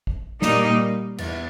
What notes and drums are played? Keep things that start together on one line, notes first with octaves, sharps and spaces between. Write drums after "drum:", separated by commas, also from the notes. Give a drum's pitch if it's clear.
drum: kick G#1
A#2 G3 A#3 D#4, drum: snare
E2, drum: cymbal